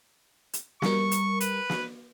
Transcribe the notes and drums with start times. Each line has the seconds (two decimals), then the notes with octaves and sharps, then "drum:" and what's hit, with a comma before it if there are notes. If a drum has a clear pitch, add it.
0.53 drum: hi-hat
0.82 G3 A#4 C#6, drum: snare
1.11 drum: hi-hat
1.40 B4, drum: hi-hat
1.69 drum: snare